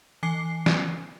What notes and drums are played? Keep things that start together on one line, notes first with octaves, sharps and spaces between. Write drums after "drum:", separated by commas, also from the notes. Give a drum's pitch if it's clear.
E3 G#5 D6 C7
drum: snare